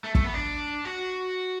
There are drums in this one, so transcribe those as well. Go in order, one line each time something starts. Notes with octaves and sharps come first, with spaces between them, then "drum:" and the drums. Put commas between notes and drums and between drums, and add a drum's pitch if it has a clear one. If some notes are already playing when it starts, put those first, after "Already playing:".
A3
A3, drum: kick
B3
D4
F#4